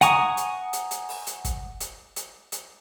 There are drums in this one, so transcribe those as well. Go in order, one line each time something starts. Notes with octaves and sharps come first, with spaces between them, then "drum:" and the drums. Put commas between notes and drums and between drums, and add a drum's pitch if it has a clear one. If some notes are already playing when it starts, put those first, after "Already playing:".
F#5 G#5 A#5 C#6 D#6, drum: hi-hat
drum: hi-hat
drum: hi-hat
drum: hi-hat
drum: open hi-hat
drum: hi-hat
drum: kick, hi-hat
drum: hi-hat
drum: hi-hat
drum: hi-hat